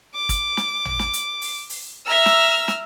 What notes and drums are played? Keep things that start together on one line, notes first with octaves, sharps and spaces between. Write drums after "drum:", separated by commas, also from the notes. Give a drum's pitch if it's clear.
D6
drum: kick, hi-hat
drum: snare
drum: tom A1
drum: snare
drum: hi-hat
drum: open hi-hat
drum: open hi-hat
E5 A#5 E6 F6
drum: snare
drum: snare